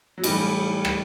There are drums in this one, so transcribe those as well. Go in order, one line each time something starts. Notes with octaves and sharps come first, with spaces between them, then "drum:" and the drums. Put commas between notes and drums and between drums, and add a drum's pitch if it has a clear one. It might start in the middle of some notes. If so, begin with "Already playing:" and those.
F#3
A2 E3 G3, drum: cymbal
drum: rim click